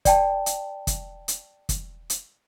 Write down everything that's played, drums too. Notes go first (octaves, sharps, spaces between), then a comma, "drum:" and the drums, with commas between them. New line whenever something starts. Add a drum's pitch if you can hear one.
D5 G5 A5, drum: kick, hi-hat
drum: hi-hat
drum: kick, hi-hat
drum: hi-hat
drum: kick, hi-hat
drum: hi-hat